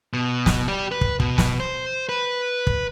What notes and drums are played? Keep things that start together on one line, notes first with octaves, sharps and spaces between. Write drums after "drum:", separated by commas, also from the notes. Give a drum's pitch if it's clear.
B2
drum: snare
G4 D5
B4
drum: kick
B2, drum: kick
drum: snare
C5
B4
drum: kick